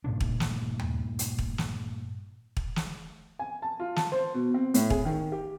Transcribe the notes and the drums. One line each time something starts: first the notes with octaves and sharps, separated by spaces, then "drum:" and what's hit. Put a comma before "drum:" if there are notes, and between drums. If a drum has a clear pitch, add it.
G2 A#2 C#3 D4
drum: kick
drum: snare
drum: tom D#2
drum: hi-hat
drum: kick
drum: snare
drum: kick
drum: snare
G#5
A5
F4
A5, drum: snare
C5
B2
C4
A2, drum: hi-hat
G#4, drum: kick
D#3
G4